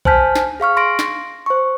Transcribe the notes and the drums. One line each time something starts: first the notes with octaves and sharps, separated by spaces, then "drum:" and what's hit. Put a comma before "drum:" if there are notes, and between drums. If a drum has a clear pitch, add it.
C5 G#5 A5 F6 G6 B6, drum: kick B1
drum: snare
G#4 F5 C#6 F6
C6 A#6 D7
drum: snare
C5 C#6